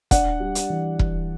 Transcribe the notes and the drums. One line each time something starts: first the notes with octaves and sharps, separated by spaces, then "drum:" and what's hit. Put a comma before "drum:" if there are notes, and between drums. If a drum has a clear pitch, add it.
D4 D5 F#5, drum: kick E1, hi-hat
G3
drum: hi-hat
E3
drum: kick E1